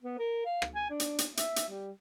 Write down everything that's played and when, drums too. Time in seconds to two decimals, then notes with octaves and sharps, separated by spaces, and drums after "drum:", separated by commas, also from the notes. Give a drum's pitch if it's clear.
0.02 B3
0.19 A#4
0.45 F5
0.62 drum: rim click
0.75 G#5
0.89 D4
1.00 drum: hi-hat
1.18 drum: hi-hat
1.37 E5, drum: hi-hat
1.56 drum: hi-hat
1.69 G3